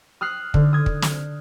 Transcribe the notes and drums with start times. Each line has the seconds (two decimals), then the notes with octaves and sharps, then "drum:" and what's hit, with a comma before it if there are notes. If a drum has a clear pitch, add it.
0.21 D#6 F6 F#6 C7
0.54 D3, drum: kick
0.73 D#6 G#6
0.86 drum: kick
1.02 drum: snare